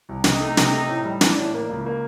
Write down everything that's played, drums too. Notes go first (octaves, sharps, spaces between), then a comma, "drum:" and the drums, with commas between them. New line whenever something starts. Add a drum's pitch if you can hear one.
C2
C3 D#4, drum: snare
A3
C3, drum: snare
A3
A2
G3
E3 D4, drum: snare
A2
A#3
C#2
A#3